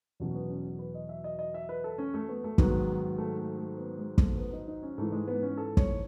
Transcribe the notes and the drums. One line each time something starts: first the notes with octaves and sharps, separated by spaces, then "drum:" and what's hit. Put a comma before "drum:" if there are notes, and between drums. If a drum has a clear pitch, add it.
E2 B2 F#3 C#4
B3
C#4
B4
D#5
E5
D#5
D#5
E5
B4
A4
C#4
A3
B3
A3
G#2 D#3 F#3 B3, drum: kick
A3
A3
A3
B3
G#3
A3, drum: kick
B3
D#4
D#4
C#4
G#2 E3 A3
G#3
B3
C#4
A4
C#5, drum: kick